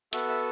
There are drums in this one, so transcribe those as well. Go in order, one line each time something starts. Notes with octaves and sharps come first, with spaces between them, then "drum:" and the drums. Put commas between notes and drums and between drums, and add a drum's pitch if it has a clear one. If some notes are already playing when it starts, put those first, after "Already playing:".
B3 F#4 A4 E5, drum: hi-hat
E5